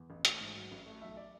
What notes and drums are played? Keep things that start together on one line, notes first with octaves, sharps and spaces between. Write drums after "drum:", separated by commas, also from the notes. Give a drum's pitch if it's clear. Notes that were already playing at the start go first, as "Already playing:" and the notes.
Already playing: E2
A1
A3, drum: hi-hat
G#2
F#3
A1
A3
B1 E5
D5